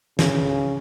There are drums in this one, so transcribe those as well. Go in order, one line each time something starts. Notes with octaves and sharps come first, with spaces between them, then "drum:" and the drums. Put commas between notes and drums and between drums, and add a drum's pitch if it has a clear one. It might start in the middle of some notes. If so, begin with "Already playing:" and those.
C#3, drum: snare